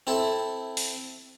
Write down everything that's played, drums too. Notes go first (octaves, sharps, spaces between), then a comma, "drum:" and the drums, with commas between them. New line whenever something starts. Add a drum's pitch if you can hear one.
C4 E4 A4
drum: open hi-hat